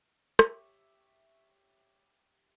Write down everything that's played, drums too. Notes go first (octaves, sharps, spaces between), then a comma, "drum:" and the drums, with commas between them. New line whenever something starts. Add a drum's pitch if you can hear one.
G4 C#5 E5 C#6, drum: rim click